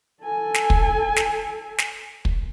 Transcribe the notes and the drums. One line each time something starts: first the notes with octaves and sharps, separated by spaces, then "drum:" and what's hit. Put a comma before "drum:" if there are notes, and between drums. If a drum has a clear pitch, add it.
A4 G#5
drum: snare
drum: kick
drum: snare
drum: snare
drum: kick